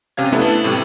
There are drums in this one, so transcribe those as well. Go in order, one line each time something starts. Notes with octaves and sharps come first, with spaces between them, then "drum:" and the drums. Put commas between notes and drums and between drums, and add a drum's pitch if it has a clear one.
C3 C#4 F5 G#6
A3 B3 D4 E4 A4
drum: cymbal
A2 C3 G3